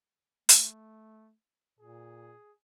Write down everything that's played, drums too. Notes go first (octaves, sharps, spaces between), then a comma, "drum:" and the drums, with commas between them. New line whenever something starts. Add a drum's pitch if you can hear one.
A3, drum: hi-hat
A#2 G#4